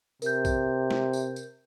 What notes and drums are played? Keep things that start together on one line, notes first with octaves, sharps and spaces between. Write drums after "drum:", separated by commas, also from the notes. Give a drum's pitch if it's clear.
C3 A#4 G6, drum: tambourine
drum: kick B1, tambourine
drum: snare
drum: tambourine
drum: tambourine